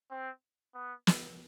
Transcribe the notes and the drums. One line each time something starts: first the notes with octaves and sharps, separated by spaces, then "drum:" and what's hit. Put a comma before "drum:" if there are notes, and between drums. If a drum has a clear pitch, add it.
C4
B3
drum: snare